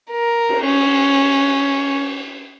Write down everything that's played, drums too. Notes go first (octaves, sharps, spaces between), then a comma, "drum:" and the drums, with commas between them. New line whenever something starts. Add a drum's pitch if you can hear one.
A#4
drum: cymbal
C#4